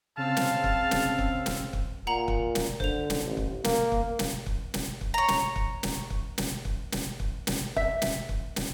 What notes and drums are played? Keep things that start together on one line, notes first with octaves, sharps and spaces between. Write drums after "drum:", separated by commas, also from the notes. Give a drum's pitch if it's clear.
C#3 C4 F5 A5 E6
drum: snare
drum: kick
drum: snare
drum: kick
drum: snare
drum: kick
A#2 F#5 A#5 F#7
drum: kick
drum: snare
D3 C5 F7, drum: kick
drum: snare
A1
drum: kick
A#3, drum: snare
drum: kick
drum: snare
drum: kick
drum: snare
drum: kick
C#5 A#5
drum: snare
drum: kick
drum: snare
drum: kick
drum: snare
drum: kick
drum: snare
drum: kick
drum: snare
E5, drum: kick
drum: snare
drum: kick
drum: snare